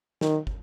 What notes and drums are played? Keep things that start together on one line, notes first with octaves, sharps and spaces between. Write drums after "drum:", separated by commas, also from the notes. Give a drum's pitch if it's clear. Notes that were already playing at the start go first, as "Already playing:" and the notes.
D#3, drum: snare
drum: kick